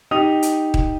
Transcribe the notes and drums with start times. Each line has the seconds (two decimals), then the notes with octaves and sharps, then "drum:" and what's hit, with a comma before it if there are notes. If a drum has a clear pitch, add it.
0.11 D#4 G4 D#6 F7
0.42 drum: hi-hat
0.74 drum: kick D#1